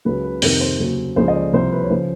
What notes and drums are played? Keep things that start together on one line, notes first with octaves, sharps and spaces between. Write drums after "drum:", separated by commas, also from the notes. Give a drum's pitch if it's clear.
C#2 C#3 F#3 B4
B4
F2 C3 D#3 A#4, drum: open hi-hat
C5
D#2 C#3 F#3
C#2 C#3 F3 C5
D#5
D5
C2 C3 F3 C5
B4
C#5
C#3 F3 C5